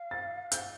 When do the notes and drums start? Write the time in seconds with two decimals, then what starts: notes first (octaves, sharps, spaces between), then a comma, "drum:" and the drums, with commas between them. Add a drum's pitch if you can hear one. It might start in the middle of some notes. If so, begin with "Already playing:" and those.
Already playing: F5
0.11 A6
0.52 G6, drum: hi-hat